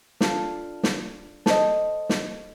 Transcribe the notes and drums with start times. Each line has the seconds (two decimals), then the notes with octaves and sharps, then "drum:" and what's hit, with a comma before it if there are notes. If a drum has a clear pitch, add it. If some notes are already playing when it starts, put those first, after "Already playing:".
0.21 D4 F4 A4, drum: snare
0.83 drum: snare
1.46 A4 C5 D#5, drum: snare
2.09 drum: snare